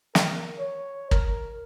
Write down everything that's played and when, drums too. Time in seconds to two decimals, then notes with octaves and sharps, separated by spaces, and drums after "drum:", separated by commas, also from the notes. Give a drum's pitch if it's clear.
0.15 A#4, drum: snare
0.59 C#5
1.11 A#4, drum: kick